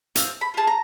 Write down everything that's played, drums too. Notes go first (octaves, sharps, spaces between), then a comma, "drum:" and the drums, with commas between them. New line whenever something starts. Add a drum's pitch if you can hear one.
C4 F5, drum: hi-hat
B5
F4 G#4 A5
A#5